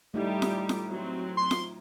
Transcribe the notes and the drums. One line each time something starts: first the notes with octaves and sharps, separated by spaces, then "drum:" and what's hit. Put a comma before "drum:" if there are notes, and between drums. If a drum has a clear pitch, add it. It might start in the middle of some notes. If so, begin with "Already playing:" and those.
G3 A3 D#4 E4 G4
drum: snare
drum: snare
F#3 C4
C6
drum: snare